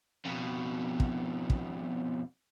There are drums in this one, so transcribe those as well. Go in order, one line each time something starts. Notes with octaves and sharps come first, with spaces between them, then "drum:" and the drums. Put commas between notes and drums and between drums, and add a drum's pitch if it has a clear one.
F2 B2
drum: kick
drum: kick